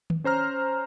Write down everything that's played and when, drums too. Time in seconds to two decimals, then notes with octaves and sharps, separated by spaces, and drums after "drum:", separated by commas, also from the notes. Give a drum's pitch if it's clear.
0.10 drum: tom D#3
0.24 C#4 C5 A#5 F6